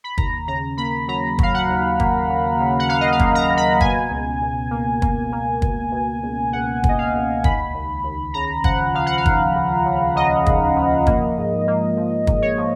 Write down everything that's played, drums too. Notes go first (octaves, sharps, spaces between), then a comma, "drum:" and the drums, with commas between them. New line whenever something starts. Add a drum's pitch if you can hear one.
B5
D#2 A#5, drum: kick
C#3 A#5
A#3 B5
F#3 A#5
F#3 F5, drum: kick
F#5
D#2
A#3, drum: kick
F#3
C#3
F#5
A#3 F5
D#5
F5
A#3, drum: kick
A#5
A#3
B5
B2 G#5, drum: kick
C#2
C#2
A#3
A#3, drum: kick
A#3
B2, drum: kick
B2
C#2
C#2 F#5
C#2 D#5, drum: kick
F5
C#2
D#2 B5, drum: kick
D#2
D#2
C#3 A#5
F3 F#5, drum: kick
F3 F5
F#5
F5
D#2, drum: kick
F3
C#3
C#3 D#5
D#2, drum: kick
F3
A#3, drum: kick
G#2
A#3
F3
G#2, drum: kick
C#5
F3